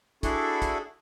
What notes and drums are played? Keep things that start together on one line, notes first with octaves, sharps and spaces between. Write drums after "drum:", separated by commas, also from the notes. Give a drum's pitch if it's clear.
D4 E4 F#4 G#4 A4, drum: kick, hi-hat
drum: kick, hi-hat